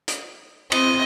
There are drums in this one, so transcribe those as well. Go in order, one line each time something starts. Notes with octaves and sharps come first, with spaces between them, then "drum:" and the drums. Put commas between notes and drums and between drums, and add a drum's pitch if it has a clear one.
drum: hi-hat
C4 D#5, drum: cymbal